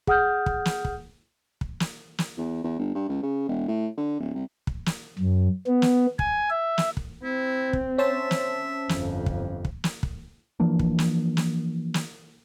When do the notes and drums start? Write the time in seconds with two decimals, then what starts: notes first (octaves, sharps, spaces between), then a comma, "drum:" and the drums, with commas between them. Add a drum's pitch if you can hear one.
0.07 G#4 F#5 D#6 F6 G6, drum: kick
0.46 drum: kick
0.65 drum: snare
0.85 drum: kick
1.61 drum: kick
1.80 drum: snare
2.19 drum: snare
2.38 E2
2.64 E2
2.79 G1
2.95 G2
3.09 C#2
3.23 C#3
3.49 E1
3.68 A2
3.97 D3
4.20 D1
4.35 C2
4.67 drum: kick
4.86 drum: snare
5.19 F#2
5.67 B3
5.82 drum: snare
6.19 G#5, drum: kick
6.50 E5
6.78 drum: snare
6.97 drum: kick
7.24 C4 E4
7.73 drum: kick
7.98 C#4 C5 E5 A5
8.31 drum: snare
8.89 G1 F2, drum: snare
9.26 drum: kick
9.65 drum: kick
9.84 drum: snare
10.03 drum: kick
10.60 E3 F3 A#3 D4
10.79 drum: kick
10.99 drum: snare
11.37 drum: snare
11.94 drum: snare